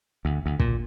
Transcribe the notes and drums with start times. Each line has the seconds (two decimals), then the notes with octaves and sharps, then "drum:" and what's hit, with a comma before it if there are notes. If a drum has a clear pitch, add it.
0.25 D2
0.46 D2
0.60 A#2, drum: kick